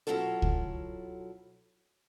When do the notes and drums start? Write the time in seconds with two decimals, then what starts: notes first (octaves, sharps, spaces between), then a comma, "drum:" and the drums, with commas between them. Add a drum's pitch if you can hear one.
0.07 B2 F#3 C#4 E4 F4 A4
0.42 drum: kick C#2